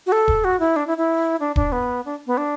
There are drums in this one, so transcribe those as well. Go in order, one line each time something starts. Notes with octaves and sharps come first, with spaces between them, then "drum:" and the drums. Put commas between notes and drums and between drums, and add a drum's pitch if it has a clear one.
F#4
A4
drum: kick D#1
F#4
E4
D4
E4
E4
D4
D4, drum: kick D#1
B3
D4
B3
D4